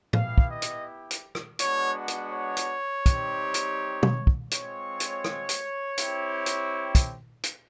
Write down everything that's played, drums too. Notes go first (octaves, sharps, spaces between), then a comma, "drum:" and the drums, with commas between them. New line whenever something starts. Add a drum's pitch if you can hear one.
B3 E4 G4 F5, drum: tom
drum: kick
D#5
drum: hi-hat
drum: hi-hat
drum: rim click
G#3 B3 D4 F#4 C#5, drum: hi-hat
drum: hi-hat
C#5
drum: hi-hat
G3 C4 D#4 G4, drum: kick, hi-hat
drum: hi-hat
drum: tom
drum: kick
G#3 C4 F4 C#5, drum: hi-hat
drum: hi-hat
drum: rim click
drum: hi-hat
C4 E4 G4, drum: hi-hat
drum: hi-hat
drum: kick, hi-hat
drum: hi-hat